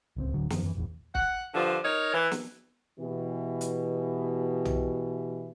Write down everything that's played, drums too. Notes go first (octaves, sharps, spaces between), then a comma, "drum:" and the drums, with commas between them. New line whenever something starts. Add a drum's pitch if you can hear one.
D1 C#2 C4
D1 D3 F#3
F#2 D#3 F3, drum: snare
F#2 E3
E1 A#1 E2
F#5, drum: kick
G2 D3 F3
D#4 A#4 C#5
E3
drum: snare
B2 E3 G4
drum: hi-hat
drum: tom